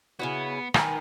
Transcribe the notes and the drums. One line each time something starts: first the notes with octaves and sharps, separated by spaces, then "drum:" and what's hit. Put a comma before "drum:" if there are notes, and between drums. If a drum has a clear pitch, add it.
C#3 B3 E4 F#4
D#3 A#4 B4 G#5, drum: rim click